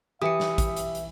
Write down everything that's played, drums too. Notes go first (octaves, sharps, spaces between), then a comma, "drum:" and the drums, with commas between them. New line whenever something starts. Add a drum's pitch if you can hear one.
E3 G4 E5 D#6 C#7
drum: snare
drum: kick, hi-hat
drum: hi-hat
drum: hi-hat